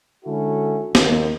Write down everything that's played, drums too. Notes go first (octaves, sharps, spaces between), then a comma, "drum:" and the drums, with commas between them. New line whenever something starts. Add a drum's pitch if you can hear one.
D3 G#3 C#4 E4 F#4 A4
D#2, drum: snare